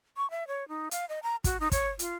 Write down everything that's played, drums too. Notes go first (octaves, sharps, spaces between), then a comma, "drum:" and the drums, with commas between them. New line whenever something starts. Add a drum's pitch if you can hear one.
C#6
E5
C#5
D#4
F5, drum: hi-hat
D#5
A#5
F#4, drum: kick, hi-hat
D#4
C#5, drum: kick, hi-hat
F4, drum: hi-hat